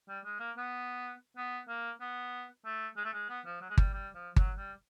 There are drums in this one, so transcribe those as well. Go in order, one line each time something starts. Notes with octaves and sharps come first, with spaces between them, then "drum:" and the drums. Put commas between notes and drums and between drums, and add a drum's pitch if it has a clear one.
G3
G#3
A#3
B3
B3
A#3
B3
A3
G#3
A3
G#3
B3
F3
F#3
G#3
G3, drum: kick G1
G3
F3
F#3, drum: kick G1
G3